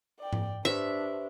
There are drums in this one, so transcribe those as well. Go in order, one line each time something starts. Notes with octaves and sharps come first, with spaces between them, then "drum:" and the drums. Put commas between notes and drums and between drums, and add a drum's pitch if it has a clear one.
D5 G5
drum: tom G#2
D4 G4 B4 C5 E5